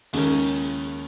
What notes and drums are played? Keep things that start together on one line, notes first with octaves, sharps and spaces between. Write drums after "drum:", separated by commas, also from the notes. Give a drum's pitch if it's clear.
D#2 C#3 G#3 C#4 A#4, drum: open hi-hat